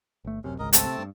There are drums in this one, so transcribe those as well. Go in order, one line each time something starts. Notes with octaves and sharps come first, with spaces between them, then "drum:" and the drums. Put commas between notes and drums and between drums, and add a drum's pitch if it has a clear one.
G1 A3
D1 F#2 C3 C#4
G#1 C#2 A#4 D#5
A3 C4 A5, drum: hi-hat
C3
G2